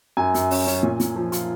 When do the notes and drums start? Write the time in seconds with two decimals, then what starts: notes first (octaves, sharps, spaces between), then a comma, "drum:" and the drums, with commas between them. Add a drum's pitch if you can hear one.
0.17 F#2 G#5
0.34 F#2, drum: hi-hat
0.51 C#4, drum: open hi-hat
0.67 C#4, drum: hi-hat
0.83 A#2
1.00 A#2, drum: hi-hat
1.16 F3
1.32 F4, drum: hi-hat